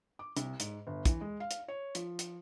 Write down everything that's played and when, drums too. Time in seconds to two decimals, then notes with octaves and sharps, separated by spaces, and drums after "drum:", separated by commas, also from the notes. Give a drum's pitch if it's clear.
0.19 D6
0.37 C2, drum: hi-hat
0.60 G#2, drum: hi-hat
0.87 G1
1.05 E3, drum: kick, hi-hat
1.21 G#3
1.40 F5
1.51 drum: hi-hat
1.68 C#5
1.95 F3, drum: hi-hat
2.19 drum: hi-hat